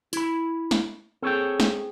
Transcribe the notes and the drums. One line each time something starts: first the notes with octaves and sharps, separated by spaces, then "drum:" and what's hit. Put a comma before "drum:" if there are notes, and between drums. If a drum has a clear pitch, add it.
E4 B5, drum: hi-hat
drum: snare
C4 G#4 A4 C#5 G5 C#6
drum: snare